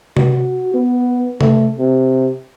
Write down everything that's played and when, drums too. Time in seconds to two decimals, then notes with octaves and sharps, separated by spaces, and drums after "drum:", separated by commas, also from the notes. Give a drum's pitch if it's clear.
0.17 F#4, drum: tom C3
0.74 B3
1.41 A3, drum: tom C3
1.79 C3